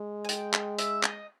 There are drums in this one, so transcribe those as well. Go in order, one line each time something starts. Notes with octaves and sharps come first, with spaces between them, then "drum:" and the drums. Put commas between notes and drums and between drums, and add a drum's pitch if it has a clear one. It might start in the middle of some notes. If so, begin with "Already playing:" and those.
Already playing: G#3
G#5
G5, drum: hi-hat
drum: clap
E5, drum: hi-hat
D#5, drum: clap